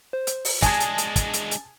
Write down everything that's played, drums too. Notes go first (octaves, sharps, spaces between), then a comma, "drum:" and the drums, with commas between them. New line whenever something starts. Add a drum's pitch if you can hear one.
C5
drum: hi-hat
drum: open hi-hat
G#3 D4 G#4 G#5 A5 G#6 A#6, drum: kick, hi-hat
drum: hi-hat
drum: hi-hat
drum: kick, hi-hat
drum: hi-hat
drum: hi-hat